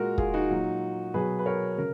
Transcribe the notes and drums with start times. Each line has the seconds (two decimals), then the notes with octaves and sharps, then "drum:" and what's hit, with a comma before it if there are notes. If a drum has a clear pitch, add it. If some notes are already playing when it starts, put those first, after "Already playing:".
Already playing: A#2 G#3 F#4 A#4
0.18 F4 G#4, drum: kick
0.34 D#4 F#4
0.50 A#2 F#3
1.14 B2 F#3 G#4 B4
1.39 B4
1.46 A#4 C#5
1.78 C#3 A#4